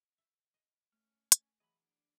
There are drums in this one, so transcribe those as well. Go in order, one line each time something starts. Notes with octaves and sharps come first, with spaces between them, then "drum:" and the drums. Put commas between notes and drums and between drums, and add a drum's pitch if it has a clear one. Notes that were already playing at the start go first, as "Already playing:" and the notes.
E5
D#5
A3 C#4 F6
G#5, drum: hi-hat
E3 F#3 G#4 D#5 B5
D4